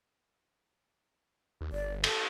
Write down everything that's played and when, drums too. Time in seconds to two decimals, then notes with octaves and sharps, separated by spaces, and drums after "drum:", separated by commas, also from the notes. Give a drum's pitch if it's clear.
1.61 D#2
1.72 G1 D5
2.04 A4, drum: cymbal